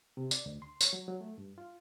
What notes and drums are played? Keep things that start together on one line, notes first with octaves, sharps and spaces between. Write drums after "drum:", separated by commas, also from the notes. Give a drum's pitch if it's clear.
C3
D5, drum: tambourine
D2
C6
C#5, drum: tambourine
F#3
F#3
A3
G2
F4